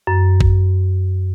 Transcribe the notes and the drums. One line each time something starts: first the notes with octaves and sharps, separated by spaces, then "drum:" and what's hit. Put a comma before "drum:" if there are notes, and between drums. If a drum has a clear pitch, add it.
F#2
drum: kick G#1